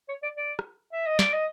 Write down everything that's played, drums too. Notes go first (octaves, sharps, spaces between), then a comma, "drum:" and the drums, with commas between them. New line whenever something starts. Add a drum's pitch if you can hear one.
C#5
D5
D5
drum: rim click
E5
D#5
D5, drum: snare
D#5